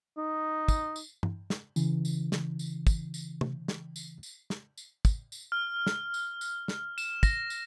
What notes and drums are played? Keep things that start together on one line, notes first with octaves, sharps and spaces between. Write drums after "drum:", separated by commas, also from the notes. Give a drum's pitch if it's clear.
D#4
drum: kick, tambourine
drum: tambourine
drum: tom
drum: snare
C#3 E3, drum: tambourine
drum: tambourine
drum: snare
drum: tambourine
drum: kick, tambourine
drum: tambourine
drum: tom
drum: snare
drum: tambourine
drum: tambourine
drum: snare
drum: tambourine
drum: kick, tambourine
drum: tambourine
F6
drum: snare
drum: tambourine
drum: tambourine
drum: snare
E7, drum: tambourine
A#6, drum: kick, tambourine
drum: tambourine